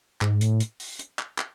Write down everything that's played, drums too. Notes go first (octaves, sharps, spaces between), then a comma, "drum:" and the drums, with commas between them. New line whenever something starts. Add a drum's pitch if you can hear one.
G#2, drum: clap
A2, drum: hi-hat
drum: hi-hat
drum: open hi-hat
drum: hi-hat
drum: clap
drum: clap